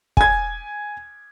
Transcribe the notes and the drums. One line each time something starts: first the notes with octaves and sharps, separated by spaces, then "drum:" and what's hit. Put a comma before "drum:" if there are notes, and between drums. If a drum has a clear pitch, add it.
G#5 G#6, drum: kick